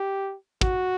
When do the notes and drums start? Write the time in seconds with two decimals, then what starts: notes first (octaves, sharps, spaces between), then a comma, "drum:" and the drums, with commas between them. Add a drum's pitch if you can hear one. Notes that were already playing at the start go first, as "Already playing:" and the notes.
Already playing: G4
0.61 F#4, drum: kick